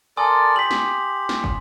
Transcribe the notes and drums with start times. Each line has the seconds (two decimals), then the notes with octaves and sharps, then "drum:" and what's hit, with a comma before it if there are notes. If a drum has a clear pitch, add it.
0.17 A4 A#4 D5 G#5 C6 D#6
0.56 G4 B6 F#7
0.71 drum: snare
1.29 drum: snare
1.44 drum: kick